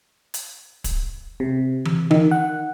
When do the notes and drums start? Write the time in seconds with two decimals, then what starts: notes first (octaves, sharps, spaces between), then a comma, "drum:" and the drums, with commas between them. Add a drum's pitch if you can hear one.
0.34 drum: hi-hat
0.84 drum: kick, hi-hat
1.40 C3
1.85 drum: tom E3
2.11 D#3, drum: tom E3
2.31 F#5